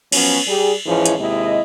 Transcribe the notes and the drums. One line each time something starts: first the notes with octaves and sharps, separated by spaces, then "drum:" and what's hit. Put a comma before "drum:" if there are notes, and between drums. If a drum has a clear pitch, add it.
F3 F#3 B3 C#4, drum: cymbal
G3 G#4
G#2 E3 F3 G#3 C#4 E4
drum: hi-hat
D#2 C3 G#3 E4 D#5